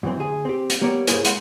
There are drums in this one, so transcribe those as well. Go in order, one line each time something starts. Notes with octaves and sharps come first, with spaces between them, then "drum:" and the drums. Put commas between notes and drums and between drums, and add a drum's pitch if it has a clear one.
F#2 E3 C4
D2 G#4
C4 G4
drum: hi-hat
G3 A#3 B3 C#5 D5
G2 A#3 E4 G#4 C5 C#5, drum: hi-hat
G#3 F#5 B5 C6, drum: hi-hat